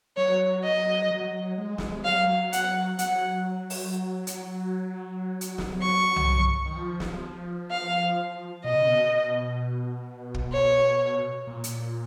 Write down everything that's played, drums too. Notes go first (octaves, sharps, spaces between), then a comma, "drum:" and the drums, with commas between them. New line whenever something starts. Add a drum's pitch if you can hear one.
F#3 C#5
D#5
F#3
G#3
drum: snare
F#3 F5
F#5, drum: hi-hat
F#3 F#5, drum: hi-hat
drum: open hi-hat
drum: hi-hat
drum: hi-hat
drum: snare
C#6
drum: tom C2
D#3
F3
drum: snare
F5
B2 D#5
C#3
B2
drum: kick
C#5
A#2
drum: hi-hat